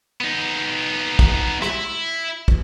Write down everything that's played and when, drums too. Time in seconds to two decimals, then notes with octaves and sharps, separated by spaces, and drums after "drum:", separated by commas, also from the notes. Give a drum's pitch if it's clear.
0.21 B3 D#4
1.19 drum: kick
1.62 E4 E5, drum: rim click
2.48 drum: kick